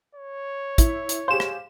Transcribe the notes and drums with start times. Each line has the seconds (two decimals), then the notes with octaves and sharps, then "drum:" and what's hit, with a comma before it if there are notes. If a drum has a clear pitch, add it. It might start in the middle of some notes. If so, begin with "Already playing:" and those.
0.15 C#5
0.78 E4, drum: kick, hi-hat
1.09 drum: hi-hat
1.28 G4 G#4 C5 F5 E7
1.40 drum: rim click